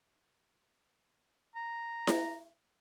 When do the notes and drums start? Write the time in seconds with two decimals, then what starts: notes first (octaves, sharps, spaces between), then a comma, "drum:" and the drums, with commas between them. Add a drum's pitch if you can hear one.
1.56 A#5
2.07 drum: snare E4